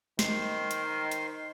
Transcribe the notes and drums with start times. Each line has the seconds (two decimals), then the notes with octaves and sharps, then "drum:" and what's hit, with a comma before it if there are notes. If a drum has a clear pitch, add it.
0.19 D#3 C5 C6, drum: snare
0.71 drum: hi-hat
1.11 drum: hi-hat